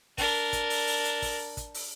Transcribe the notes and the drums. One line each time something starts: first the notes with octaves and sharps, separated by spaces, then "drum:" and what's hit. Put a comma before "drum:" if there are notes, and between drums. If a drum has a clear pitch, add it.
D4 A#4, drum: kick, open hi-hat
drum: kick, hi-hat
drum: open hi-hat
drum: open hi-hat
drum: hi-hat
drum: kick, open hi-hat
drum: kick, hi-hat
drum: open hi-hat